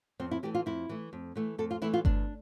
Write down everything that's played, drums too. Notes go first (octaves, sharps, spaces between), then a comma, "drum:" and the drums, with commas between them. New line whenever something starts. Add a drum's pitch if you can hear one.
F2 C4
E4
E3 A3 G4
F4
F2 E4
E3 A3
F2
E3 A3
F2 A4
F4
E3 A3 E4
F4
E2 D4, drum: kick G1